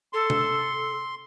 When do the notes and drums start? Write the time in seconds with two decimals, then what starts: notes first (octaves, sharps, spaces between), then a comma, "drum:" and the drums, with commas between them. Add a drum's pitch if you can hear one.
0.13 A4 C6
0.30 drum: tom C3